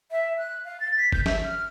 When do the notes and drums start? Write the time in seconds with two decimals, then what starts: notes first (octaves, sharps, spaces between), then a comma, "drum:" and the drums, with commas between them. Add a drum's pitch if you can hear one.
0.11 E5
0.38 F#6
0.65 F5
0.80 A6
0.97 B6
1.12 G6, drum: kick
1.26 E5, drum: snare
1.44 F6